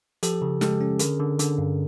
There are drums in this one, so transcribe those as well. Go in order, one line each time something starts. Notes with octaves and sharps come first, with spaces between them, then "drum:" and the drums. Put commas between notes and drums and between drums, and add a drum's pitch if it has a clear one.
F3 G4 A4, drum: hi-hat
C#3
G#3 G4 A4, drum: snare
C#4
D3 G#4 A#4, drum: hi-hat
D3
D3, drum: hi-hat
G2